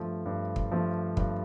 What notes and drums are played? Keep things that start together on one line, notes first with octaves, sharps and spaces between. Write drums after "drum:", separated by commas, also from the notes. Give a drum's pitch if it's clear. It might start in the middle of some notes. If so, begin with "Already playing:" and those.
Already playing: G2 F3 A3
G2
drum: kick
F3 A3
G2, drum: kick